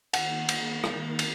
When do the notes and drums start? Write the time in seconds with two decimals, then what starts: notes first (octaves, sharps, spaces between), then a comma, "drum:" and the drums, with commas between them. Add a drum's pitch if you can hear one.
0.13 D#3 A#3 F#5, drum: cymbal
0.49 drum: cymbal
0.84 drum: rim click
1.19 drum: cymbal